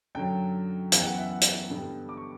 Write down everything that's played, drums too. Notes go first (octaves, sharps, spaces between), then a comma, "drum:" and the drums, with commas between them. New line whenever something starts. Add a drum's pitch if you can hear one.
F#2 D3 F#3 G5
F#2 E3 B3 G5, drum: hi-hat
F#5
E5
F#5
drum: hi-hat
G2 D3 G3 B3 G5
D6
C#6